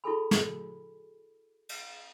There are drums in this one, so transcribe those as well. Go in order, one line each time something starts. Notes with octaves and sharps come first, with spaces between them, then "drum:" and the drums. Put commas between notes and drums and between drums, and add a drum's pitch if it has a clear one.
E4 F#4 G#4 A4 G#5 B5
drum: snare
drum: cymbal